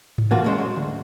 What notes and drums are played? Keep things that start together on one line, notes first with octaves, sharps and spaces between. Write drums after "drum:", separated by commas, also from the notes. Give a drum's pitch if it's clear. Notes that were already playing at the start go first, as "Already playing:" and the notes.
drum: tom G#2
E3 A#3 F4 F#4
B1 G2 G#3 C#4 C5
F#3
D2